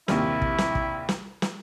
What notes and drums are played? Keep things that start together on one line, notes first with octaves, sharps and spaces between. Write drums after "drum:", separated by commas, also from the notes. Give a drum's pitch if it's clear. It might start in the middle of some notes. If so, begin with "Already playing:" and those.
A#1 D#2 C3 E4, drum: snare
drum: kick
drum: snare
drum: kick
drum: snare
drum: snare